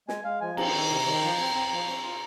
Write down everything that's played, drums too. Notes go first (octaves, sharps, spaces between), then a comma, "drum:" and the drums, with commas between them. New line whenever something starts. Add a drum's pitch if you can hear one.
G#3 G#5, drum: snare
G#3 F5
F3 G#5
C4 A#5, drum: cymbal
D#3
C3
D#3
F3
C4
C4
F3
C4
F4